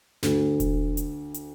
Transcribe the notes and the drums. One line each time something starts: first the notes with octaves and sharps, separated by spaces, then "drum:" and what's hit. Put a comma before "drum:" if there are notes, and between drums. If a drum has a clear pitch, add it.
D2, drum: snare
drum: kick E1, hi-hat
drum: hi-hat
drum: hi-hat